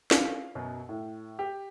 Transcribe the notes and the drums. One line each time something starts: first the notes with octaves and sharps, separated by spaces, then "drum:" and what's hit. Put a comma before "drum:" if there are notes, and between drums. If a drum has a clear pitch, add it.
F5, drum: snare
F#2 B2 F#3
A2
G4